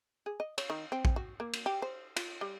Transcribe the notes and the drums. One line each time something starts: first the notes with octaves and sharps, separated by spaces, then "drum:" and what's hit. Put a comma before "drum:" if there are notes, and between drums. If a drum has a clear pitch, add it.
G#4
D#5
C#5, drum: cymbal
D#3
C4
drum: kick A#1
F#4
A#3
drum: cymbal
G4
C5
F4, drum: cymbal
G3